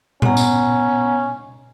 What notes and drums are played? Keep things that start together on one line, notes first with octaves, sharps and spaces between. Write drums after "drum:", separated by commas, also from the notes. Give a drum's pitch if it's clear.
B3 C#4 F#5 A#5, drum: tom A#2
drum: tambourine